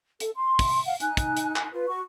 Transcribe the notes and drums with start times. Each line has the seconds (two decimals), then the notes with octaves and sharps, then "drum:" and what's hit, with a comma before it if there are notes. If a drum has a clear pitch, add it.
0.20 A4, drum: hi-hat
0.35 C6
0.59 drum: kick, open hi-hat
0.86 F5 F#5
1.00 D#4 G#5 F#6, drum: hi-hat
1.17 drum: kick, hi-hat
1.37 drum: hi-hat
1.56 drum: clap
1.72 F4 B4
1.88 F#4 C#6